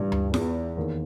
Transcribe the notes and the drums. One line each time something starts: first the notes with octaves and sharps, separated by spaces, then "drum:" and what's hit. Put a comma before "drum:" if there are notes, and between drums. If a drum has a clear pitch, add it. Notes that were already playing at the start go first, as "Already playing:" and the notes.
Already playing: C#2 G2 C#3 E3
drum: tom D2
E2, drum: snare F4
D#2 D#3 A#3